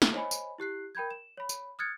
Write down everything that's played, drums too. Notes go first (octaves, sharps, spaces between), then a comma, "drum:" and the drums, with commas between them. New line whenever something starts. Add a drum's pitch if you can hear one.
drum: snare
C5 C#5 D#5 G#5 B5
drum: tambourine
E4 G4 F#6 C7
A#4 G5 B5 G6 G#6
E7
C#5 B5
drum: tambourine
D#6 F6 F#6 G#6 A6 C#7